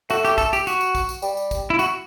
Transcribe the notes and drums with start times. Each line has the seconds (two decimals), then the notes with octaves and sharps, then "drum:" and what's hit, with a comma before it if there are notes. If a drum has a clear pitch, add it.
0.10 A3 F#4, drum: tambourine
0.25 G4, drum: tambourine
0.38 A4, drum: kick, tambourine
0.53 G4, drum: tambourine
0.67 F#4, drum: tambourine
0.81 drum: tambourine
0.95 drum: kick, tambourine
1.09 drum: tambourine
1.22 G3, drum: tambourine
1.37 drum: tambourine
1.51 drum: kick, tambourine
1.70 E4
1.79 F#4, drum: tambourine